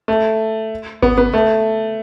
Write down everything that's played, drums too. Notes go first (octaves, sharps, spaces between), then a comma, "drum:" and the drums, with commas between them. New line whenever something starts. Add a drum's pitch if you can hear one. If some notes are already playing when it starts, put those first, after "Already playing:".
A3
B3, drum: kick G#1
B3
A3